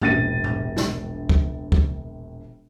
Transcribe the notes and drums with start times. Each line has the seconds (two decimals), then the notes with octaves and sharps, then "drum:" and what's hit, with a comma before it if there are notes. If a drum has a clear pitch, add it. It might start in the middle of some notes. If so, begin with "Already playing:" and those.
0.01 E1 A#1 A6 A#6 D#7, drum: tom G#2
0.44 drum: tom G#2
0.76 drum: snare
1.29 drum: kick
1.72 drum: kick